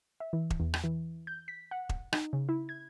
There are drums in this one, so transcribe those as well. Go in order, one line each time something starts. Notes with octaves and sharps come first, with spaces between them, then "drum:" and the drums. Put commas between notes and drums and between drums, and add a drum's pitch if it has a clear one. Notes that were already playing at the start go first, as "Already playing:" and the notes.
E5
E3
drum: kick E1
E2
drum: rim click
E3
G6
B6
F#5
drum: kick E1
D#4, drum: rim click
C#3
E4
G#6